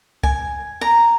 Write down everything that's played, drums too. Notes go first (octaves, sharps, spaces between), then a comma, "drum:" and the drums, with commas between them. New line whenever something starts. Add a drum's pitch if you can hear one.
G#5, drum: kick C2
A#5